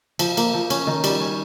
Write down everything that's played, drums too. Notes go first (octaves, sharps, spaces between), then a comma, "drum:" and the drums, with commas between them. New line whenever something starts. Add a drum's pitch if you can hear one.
F3, drum: cymbal
A#3, drum: cymbal
F3
C#4, drum: cymbal
D#3
G3, drum: cymbal
C#4